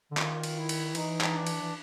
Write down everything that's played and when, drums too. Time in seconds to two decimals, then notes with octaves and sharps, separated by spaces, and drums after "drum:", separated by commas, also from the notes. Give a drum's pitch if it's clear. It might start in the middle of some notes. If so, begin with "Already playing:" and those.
0.11 D3
0.17 D#3 F4, drum: clap
0.43 drum: cymbal
0.56 E4
0.69 drum: cymbal
0.95 E3 D#4, drum: cymbal
1.21 drum: clap
1.33 D4
1.47 drum: cymbal
1.61 E3